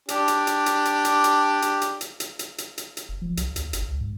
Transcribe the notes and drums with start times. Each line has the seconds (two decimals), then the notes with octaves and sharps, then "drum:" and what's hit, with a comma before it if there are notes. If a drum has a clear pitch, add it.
0.09 D4 G4, drum: hi-hat
0.28 drum: hi-hat
0.47 drum: hi-hat
0.66 drum: hi-hat
0.85 drum: hi-hat
1.05 drum: hi-hat
1.24 drum: hi-hat
1.62 drum: hi-hat
1.81 drum: hi-hat
2.01 drum: hi-hat
2.20 drum: hi-hat
2.39 drum: hi-hat
2.58 drum: hi-hat
2.78 drum: hi-hat
2.97 drum: hi-hat
3.09 F1
3.22 F3
3.37 C2, drum: hi-hat
3.56 D#2, drum: hi-hat
3.73 G1, drum: hi-hat
3.89 C#2
4.01 G#2